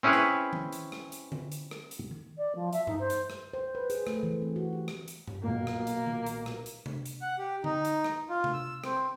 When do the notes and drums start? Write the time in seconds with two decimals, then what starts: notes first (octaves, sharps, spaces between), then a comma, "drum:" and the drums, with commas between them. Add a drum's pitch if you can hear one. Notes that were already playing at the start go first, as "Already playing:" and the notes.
0.03 C4 C#4 E4 G#4 B4 C#5
0.13 drum: rim click
0.53 drum: tom D#3
0.72 drum: hi-hat
0.92 drum: rim click
1.12 drum: hi-hat
1.32 drum: tom D3
1.52 drum: hi-hat
1.71 drum: rim click
1.91 drum: hi-hat
2.11 drum: tom D#3
2.37 D5
2.55 F3
2.73 E5, drum: hi-hat
2.87 D#4, drum: tom G2
2.99 C5
3.10 drum: hi-hat
3.30 drum: rim click
3.54 C5
3.75 B4
3.90 G#4, drum: hi-hat
4.07 A3, drum: rim click
4.23 E3
4.42 C4
4.56 F#4
4.73 G4
4.88 drum: rim click
5.08 drum: hi-hat
5.27 drum: tom G2
5.43 B1 A#2 A#3
5.67 drum: rim click
5.87 drum: hi-hat
6.07 drum: tom D#3
6.26 drum: hi-hat
6.46 drum: rim click
6.66 drum: hi-hat
6.86 drum: tom C3
7.06 drum: hi-hat
7.22 F#5
7.39 G4
7.64 D#4, drum: tom D3
7.85 drum: hi-hat
8.04 drum: rim click
8.30 F4
8.44 drum: tom C3
8.53 E6
8.84 C4, drum: rim click